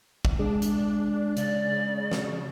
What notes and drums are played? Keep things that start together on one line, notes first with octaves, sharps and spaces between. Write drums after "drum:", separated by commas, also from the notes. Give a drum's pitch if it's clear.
drum: kick
G#3 D4 G#4
drum: hi-hat
C#3 D5, drum: hi-hat
drum: snare